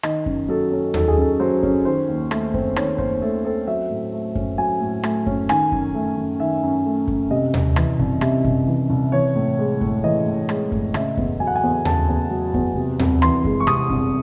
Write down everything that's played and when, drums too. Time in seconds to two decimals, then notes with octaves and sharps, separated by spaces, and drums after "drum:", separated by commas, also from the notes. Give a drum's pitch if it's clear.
0.03 D#3 D#5, drum: rim click
0.26 F#2, drum: kick F#2
0.48 F#3 A4
0.72 C#4
0.94 D#3 A4, drum: tom D#2
1.08 G#4
1.17 F#2 A4
1.40 F#3 C5
1.63 C#4, drum: kick F#2
1.85 D#3 C5
2.08 D#2
2.31 A3, drum: rim click
2.54 C4, drum: kick F#2
2.76 D#3 C#5, drum: rim click
2.98 D#2 C5, drum: kick F#2
3.22 A3 A4
3.45 C4 A4
3.67 F#3 E5
3.90 A2
4.13 A3
4.35 C#4, drum: kick F#2
4.58 F#3 G#5
4.80 A2
5.03 A3, drum: rim click
5.26 C#4, drum: kick F#2
5.49 D#3 G#5, drum: rim click
5.72 F#2, drum: kick F#2
5.94 A3
6.17 F#2
6.40 D#3 E5
6.63 F#2
6.86 A3
7.08 F#2, drum: kick F#2
7.31 C3 D#5
7.54 C2, drum: tom D#2
7.76 E3, drum: rim click
7.99 C2, drum: kick F#2
8.21 C3 E5, drum: rim click
8.44 C2, drum: kick F#2
8.68 E3
8.90 C2
9.12 E3 C#5
9.35 A2
9.59 G#3
9.81 A2, drum: kick F#2
10.04 E3 D#5
10.26 A2
10.49 G#3, drum: rim click
10.72 A2, drum: kick F#2
10.94 C#3 E5, drum: rim click
11.17 E2, drum: kick F#2
11.40 F#3 G#5
11.47 F#5
11.55 G#5
11.63 E2
11.85 C#3 A5, drum: tom D#2
12.09 E2
12.30 F#3
12.54 E2, drum: kick F#2
12.76 C3
12.99 C2, drum: tom D#2
13.22 E3 C6, drum: rim click
13.45 G#3, drum: kick F#2
13.60 C#6
13.67 C3 D#6, drum: rim click
13.90 C2, drum: kick F#2